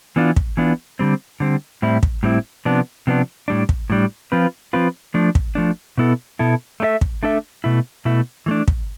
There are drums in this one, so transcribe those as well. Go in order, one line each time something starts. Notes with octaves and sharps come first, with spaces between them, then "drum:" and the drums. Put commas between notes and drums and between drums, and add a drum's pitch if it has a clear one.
E3 B3 D4 F4
drum: kick
E3 B3 D4 F4
D3 G3 C4
D3 G3 C4
A2 G3 C4 E4
drum: kick
A2 G3 C4 E4
C3 F3 B3 D4
C3 F3 B3 D4
A2 G3 D4
drum: kick
A2 G3 D4
F3 C4 F4 B4
F3 C4 F4 B4
F3 A3 D4
drum: kick
F3 A3 D4
B2 B3 E4 A4
B2 B3 E4 A4
A3 D4 A4 E5
drum: kick
A3 D4 A4 E5
B2 A3 E4
B2 A3 E4
E3 A3 D4
drum: kick